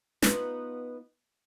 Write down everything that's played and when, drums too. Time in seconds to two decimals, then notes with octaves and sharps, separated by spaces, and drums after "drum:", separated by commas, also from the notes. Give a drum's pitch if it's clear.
0.22 B3 D#4 F4, drum: snare